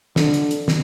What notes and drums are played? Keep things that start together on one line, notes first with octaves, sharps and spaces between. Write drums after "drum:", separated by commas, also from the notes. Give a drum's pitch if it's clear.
D3, drum: snare
drum: hi-hat
drum: hi-hat
drum: snare